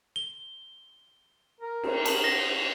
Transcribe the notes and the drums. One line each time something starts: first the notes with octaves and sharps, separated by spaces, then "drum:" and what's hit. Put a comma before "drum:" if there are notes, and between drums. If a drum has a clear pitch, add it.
G7
A#4
drum: cymbal
A5 F#7, drum: cymbal
A#6